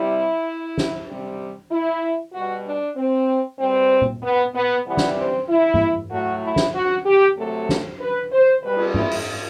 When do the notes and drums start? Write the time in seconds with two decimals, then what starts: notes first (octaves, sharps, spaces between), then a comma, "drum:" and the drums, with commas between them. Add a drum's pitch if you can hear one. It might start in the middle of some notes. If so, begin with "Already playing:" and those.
Already playing: C3 G3 E4
0.78 drum: snare
1.08 C3 G3
1.71 E4
2.33 B2 G3 F#4
2.66 D4
2.96 C4
3.59 B2 G3 C4
4.02 drum: tom A#2
4.22 B3
4.55 B3
4.85 C3 E3 G3 B3
4.97 drum: snare
5.16 C4
5.49 E4
5.74 drum: tom G#2
6.11 A2 F#3 A3 F#4
6.43 E4
6.56 drum: snare
6.75 F#4
7.06 G4
7.36 C3 F#3 A3 A4
7.69 drum: snare
8.00 B4
8.32 C5
8.63 B2 G3 B4
8.76 drum: cymbal
8.94 E4, drum: tom G#2
9.11 drum: open hi-hat